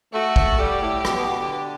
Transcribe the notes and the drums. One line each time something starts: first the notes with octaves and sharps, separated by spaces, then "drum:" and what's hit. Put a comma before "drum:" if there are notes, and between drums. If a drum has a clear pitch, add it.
A3 F#4
drum: kick
G3 G4
A2
B2, drum: rim click
B2
B2
D3